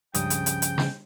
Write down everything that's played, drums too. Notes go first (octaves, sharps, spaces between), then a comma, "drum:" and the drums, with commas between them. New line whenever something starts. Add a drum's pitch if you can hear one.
C#2 G2 C#3 F3 G3 G5 D#6, drum: hi-hat
drum: hi-hat
drum: hi-hat
drum: hi-hat
drum: snare